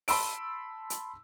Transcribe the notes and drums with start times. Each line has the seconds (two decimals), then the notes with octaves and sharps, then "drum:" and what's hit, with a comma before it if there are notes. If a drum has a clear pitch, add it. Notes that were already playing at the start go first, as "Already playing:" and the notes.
0.08 A5 B5 C6 E6 D7, drum: open hi-hat
0.90 drum: hi-hat